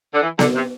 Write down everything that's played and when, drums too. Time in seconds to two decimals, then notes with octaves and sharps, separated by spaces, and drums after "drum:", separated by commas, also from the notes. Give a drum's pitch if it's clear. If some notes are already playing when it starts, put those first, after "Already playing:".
0.14 D3
0.22 E3
0.39 D3, drum: snare B3
0.55 C3